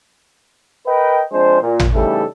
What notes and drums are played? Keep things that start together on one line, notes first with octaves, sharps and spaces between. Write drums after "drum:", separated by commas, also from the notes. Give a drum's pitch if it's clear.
A#4 B4 D#5 G5
F3 G#3 C4 D4 C5
A#2
drum: tom
C#3 E3 G3 A3 D#4 A4